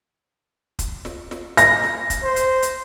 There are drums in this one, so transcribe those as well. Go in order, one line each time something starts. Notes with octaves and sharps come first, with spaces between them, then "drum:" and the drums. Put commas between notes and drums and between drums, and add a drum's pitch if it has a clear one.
drum: kick, hi-hat
drum: snare
drum: snare
A#6, drum: hi-hat
drum: snare
drum: kick, hi-hat
C5
drum: hi-hat
drum: hi-hat